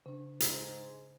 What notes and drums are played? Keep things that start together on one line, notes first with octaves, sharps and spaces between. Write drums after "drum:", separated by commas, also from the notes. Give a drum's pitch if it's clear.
C#3 D4
G#2, drum: hi-hat